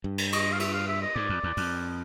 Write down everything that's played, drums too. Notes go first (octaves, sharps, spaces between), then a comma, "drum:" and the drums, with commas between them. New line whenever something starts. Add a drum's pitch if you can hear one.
G2
drum: cymbal
D#5, drum: cymbal
F5
E5, drum: cymbal
F5
E5
D#5
G#2 D5
F2
E2
F2, drum: open hi-hat